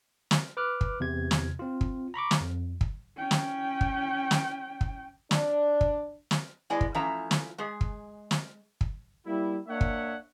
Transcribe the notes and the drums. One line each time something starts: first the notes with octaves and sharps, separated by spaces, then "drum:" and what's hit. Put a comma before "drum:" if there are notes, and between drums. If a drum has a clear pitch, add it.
drum: snare
B4 D6 F6 F#6
drum: kick
E2 C3 G#6
drum: snare
C4 F4
drum: kick
A#5 B5 C#6 D6
drum: snare
F2
drum: kick
C#4 G5
drum: snare
drum: kick
drum: snare
drum: kick
D4, drum: snare
drum: kick
drum: snare
G#3 B3 E4 D5 D#5 G#5
drum: kick
E3 F3 A3 C#4 E5 A#5
drum: snare
G#3 G#4
drum: kick
drum: snare
drum: kick
G3 A#3 E4
A#3 D4 C#5 E5 F#5
drum: kick